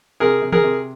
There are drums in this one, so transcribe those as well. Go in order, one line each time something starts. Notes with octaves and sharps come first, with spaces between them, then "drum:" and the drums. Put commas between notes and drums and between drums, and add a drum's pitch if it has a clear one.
C3 G#4 A#4
C3
G#4 A#4, drum: tom D#3
C3